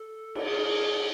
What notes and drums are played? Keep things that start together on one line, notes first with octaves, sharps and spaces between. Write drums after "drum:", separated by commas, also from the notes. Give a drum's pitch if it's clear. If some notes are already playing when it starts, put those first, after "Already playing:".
Already playing: A4
drum: cymbal
G#4